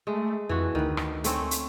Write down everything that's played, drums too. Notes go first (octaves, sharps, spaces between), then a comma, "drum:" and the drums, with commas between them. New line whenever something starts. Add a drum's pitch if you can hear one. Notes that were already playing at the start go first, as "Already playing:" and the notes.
G#3 A3
F2 E3 F#4
D2 D#3 B4
drum: rim click
A3 C4 C#4, drum: hi-hat
drum: hi-hat